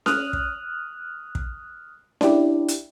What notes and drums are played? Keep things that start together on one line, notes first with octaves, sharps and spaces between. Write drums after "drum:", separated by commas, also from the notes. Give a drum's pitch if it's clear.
D#6 F6 F#6, drum: snare C#4
drum: kick
drum: kick
D4 E4 G4, drum: snare C#4
drum: hi-hat